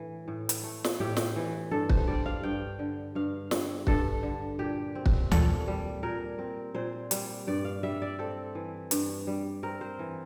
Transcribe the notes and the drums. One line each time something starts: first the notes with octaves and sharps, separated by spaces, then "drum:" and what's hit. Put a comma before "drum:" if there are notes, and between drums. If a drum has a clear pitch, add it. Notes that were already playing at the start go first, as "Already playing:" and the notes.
Already playing: A2 E3 A3
A2
drum: hi-hat
A3
drum: snare
A2 G4
drum: snare
E3
G2 A4
C5, drum: kick
G3 D5
F5
G2 G5
D3
G2 F5
G3, drum: snare
G2 A4, drum: kick
D3
A#2 G4
C4
drum: kick
A#2 A4, drum: tom D2
G3
A#2 A#4
C4
A#2 C5
G3, drum: hi-hat
G2 D5
F5
G3 E5
D5
C4 A4
E3
G2, drum: hi-hat
G3
C4 A#4
C5
E3